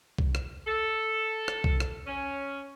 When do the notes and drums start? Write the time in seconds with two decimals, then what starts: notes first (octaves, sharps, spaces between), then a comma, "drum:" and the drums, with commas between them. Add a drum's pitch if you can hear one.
0.18 drum: kick B1
0.35 drum: rim click
0.67 A4
1.48 drum: rim click
1.64 drum: kick B1
1.80 drum: rim click
2.07 C#4